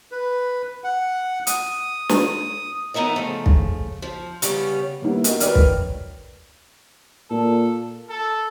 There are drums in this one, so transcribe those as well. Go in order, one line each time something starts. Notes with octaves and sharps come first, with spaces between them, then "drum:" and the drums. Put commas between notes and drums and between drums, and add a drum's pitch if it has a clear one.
B4
F#5
D#6, drum: hi-hat
drum: snare
E3 B3 D#4 E4 A#4 D#5
C#3 F3 A3
drum: kick
F3
C#3 G3 B3 C#4, drum: hi-hat
G3 A#3 B3 E4
F#4 A#4 D#5, drum: hi-hat
A#4 B4 C#5 D5 G5 F6, drum: hi-hat
drum: kick
A#2 A4
A4